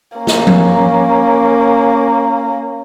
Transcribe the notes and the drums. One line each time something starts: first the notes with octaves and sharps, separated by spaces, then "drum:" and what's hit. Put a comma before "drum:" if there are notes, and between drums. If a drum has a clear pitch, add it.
A#3 C#4
drum: snare
drum: tom F3